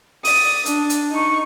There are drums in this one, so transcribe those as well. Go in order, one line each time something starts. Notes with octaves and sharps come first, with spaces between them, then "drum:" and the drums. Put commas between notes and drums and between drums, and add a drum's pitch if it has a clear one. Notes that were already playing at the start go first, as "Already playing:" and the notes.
D5 D#6, drum: open hi-hat
D4, drum: hi-hat
drum: hi-hat
D#4 C#6